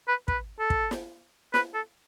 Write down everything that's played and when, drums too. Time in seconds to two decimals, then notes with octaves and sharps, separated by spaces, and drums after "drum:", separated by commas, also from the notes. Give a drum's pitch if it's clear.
0.08 B4
0.28 B4, drum: kick
0.60 A4
0.70 drum: kick
0.91 drum: snare
1.54 B4, drum: snare
1.74 A4